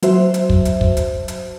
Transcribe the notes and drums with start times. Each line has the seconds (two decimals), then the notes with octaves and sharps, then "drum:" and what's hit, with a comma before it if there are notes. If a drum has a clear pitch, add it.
0.03 F#3 F#4 C5 E5, drum: hi-hat
0.34 drum: hi-hat
0.50 drum: kick
0.65 drum: hi-hat
0.81 drum: kick
0.97 drum: hi-hat
1.28 drum: hi-hat